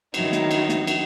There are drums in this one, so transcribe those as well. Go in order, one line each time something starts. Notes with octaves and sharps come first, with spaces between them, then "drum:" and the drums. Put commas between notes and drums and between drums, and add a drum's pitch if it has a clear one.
D#3 F3 F#3 D#4 E4, drum: cymbal
drum: snare
drum: cymbal
drum: snare
drum: cymbal